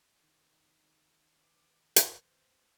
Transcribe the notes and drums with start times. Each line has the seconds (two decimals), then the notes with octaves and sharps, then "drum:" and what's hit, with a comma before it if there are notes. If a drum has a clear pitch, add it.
0.23 B2 D#3 C4 D#4
1.36 B4 D6
1.96 drum: hi-hat
2.11 F2 B4 C5